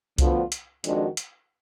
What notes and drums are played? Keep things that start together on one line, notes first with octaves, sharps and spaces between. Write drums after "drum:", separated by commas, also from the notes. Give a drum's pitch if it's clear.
D2 D3 F3 B3 F4, drum: kick C2, hi-hat
drum: hi-hat
F2 D#3 G#3 D4 F#4, drum: hi-hat
drum: hi-hat